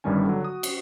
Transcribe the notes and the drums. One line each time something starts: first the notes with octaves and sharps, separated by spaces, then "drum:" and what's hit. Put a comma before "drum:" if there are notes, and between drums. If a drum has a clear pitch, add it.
G1 G2 D#3 G3 C#4 G#5
D3 F#3
F#4 D#6
drum: cymbal